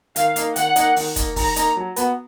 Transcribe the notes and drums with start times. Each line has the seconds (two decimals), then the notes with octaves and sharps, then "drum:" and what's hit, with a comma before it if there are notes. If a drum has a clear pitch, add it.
0.16 D#3 F5, drum: hi-hat
0.36 A#3 D#4, drum: hi-hat
0.56 D#3 F#5, drum: hi-hat
0.76 A#3 D#4, drum: hi-hat
0.96 D#3, drum: open hi-hat
1.16 A#3 D#4, drum: kick, hi-hat
1.36 D#3 A#5, drum: kick, open hi-hat
1.56 A#3 D#4, drum: hi-hat
1.77 F#3
1.96 B3 F#4 B4, drum: hi-hat